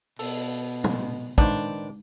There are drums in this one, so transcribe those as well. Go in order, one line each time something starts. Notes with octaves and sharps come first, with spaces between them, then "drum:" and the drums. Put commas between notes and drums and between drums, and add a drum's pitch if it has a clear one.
B2 A4, drum: open hi-hat
drum: tom
D#3 G#3 D4 D#4 B4 C5 F5, drum: kick